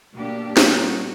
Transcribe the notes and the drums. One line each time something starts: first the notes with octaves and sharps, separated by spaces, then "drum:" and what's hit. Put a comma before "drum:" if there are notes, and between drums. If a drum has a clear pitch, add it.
B2 A#3 D4 G4
A#2 G3 C#4 F#4, drum: snare